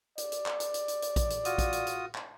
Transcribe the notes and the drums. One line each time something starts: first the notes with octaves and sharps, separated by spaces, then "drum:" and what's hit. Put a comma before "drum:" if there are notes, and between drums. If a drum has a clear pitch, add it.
D5, drum: hi-hat
drum: hi-hat
drum: clap
drum: hi-hat
drum: hi-hat
drum: hi-hat
drum: hi-hat
drum: kick A#1, hi-hat
drum: hi-hat
F4 F#4 D#6, drum: hi-hat
drum: kick A#1, hi-hat
drum: hi-hat
drum: hi-hat
drum: clap